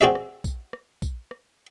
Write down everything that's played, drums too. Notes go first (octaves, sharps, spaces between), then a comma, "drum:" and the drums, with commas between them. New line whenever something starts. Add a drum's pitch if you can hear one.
C4 F#4 G#4 D5 E5
drum: rim click
drum: kick, tambourine
drum: rim click
drum: kick, tambourine
drum: rim click